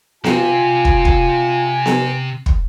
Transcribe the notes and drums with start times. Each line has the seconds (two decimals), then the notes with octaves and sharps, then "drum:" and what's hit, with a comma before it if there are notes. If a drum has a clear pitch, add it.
0.24 C3 F4 G#5, drum: snare B3
0.85 drum: kick
1.05 drum: kick
1.86 drum: snare B3
2.46 drum: kick